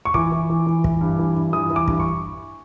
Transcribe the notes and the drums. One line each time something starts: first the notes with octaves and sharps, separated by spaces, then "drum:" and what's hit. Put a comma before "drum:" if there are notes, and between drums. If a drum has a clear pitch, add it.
C#6
E3 D6, drum: kick
E3
E3
E3
E3, drum: kick
G2
E3
G2
E3 D#6
E3
D6
G2, drum: kick
C#6